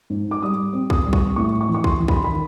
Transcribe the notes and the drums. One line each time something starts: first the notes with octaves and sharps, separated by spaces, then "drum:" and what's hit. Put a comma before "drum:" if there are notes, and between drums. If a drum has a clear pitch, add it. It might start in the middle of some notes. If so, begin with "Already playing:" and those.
G#2
D6
G3 D#6
C4
D#6, drum: kick
G3
C#6, drum: kick
A2 C#6
C#6
E3
C#6
C6, drum: kick
E3
B5, drum: kick
C6
B5
D#3